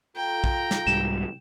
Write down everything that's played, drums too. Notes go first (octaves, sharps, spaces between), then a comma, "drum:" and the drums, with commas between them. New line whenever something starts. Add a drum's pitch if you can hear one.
F4 A4 G5 A#5
drum: kick
drum: snare
C2 G#2 G3 E7